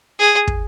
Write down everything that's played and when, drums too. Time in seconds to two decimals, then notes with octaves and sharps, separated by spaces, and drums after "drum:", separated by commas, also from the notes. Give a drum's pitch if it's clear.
0.19 G#4
0.47 drum: kick